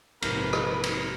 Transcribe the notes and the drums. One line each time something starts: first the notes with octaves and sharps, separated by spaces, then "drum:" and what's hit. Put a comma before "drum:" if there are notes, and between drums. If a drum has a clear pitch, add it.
A#1 G#2 C3 A#4 B4, drum: cymbal
drum: rim click
drum: cymbal